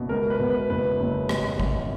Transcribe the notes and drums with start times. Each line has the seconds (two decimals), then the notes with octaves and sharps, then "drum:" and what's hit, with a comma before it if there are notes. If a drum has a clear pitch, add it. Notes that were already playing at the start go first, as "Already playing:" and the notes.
Already playing: F#1 B2
0.09 C#2 A#4
0.30 B4
0.40 B2
0.50 B4
0.69 F#1 B4
1.00 F#1
1.29 G#1, drum: rim click
1.60 G#1, drum: kick G#1